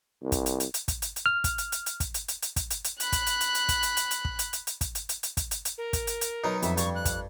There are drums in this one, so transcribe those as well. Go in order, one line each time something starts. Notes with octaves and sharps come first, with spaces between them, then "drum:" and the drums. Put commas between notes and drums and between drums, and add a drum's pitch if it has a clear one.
C2
drum: kick, hi-hat
drum: hi-hat
drum: hi-hat
drum: hi-hat
drum: kick, hi-hat
drum: hi-hat
drum: hi-hat
F6
drum: kick, hi-hat
drum: hi-hat
drum: hi-hat
drum: hi-hat
drum: kick, hi-hat
drum: hi-hat
drum: hi-hat
drum: hi-hat
drum: kick, hi-hat
drum: hi-hat
drum: hi-hat
B5 F#6, drum: hi-hat
drum: kick, hi-hat
drum: hi-hat
drum: hi-hat
drum: hi-hat
drum: kick, hi-hat
drum: hi-hat
drum: hi-hat
drum: hi-hat
drum: kick
drum: hi-hat
drum: hi-hat
drum: hi-hat
drum: kick, hi-hat
drum: hi-hat
drum: hi-hat
drum: hi-hat
drum: kick, hi-hat
drum: hi-hat
drum: hi-hat
A#4
drum: kick, hi-hat
drum: hi-hat
drum: hi-hat
B2 F#3 D#4
F2 E5, drum: hi-hat
G2 C#6, drum: hi-hat
F#6
drum: kick, hi-hat